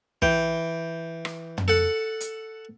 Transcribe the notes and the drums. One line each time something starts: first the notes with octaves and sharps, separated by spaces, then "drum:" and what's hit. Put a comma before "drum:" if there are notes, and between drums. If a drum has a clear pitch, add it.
E3 G5, drum: kick
drum: rim click
drum: tom
A4 F#5
drum: hi-hat